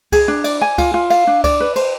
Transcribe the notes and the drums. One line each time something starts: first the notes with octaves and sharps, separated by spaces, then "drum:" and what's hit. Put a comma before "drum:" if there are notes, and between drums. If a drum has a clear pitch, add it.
G#4, drum: kick C#2, cymbal
D4
D5, drum: cymbal
G#5
F4, drum: kick C#2, cymbal
F4
F5, drum: cymbal
D4
D5, drum: kick C#2, cymbal
B4
C5, drum: cymbal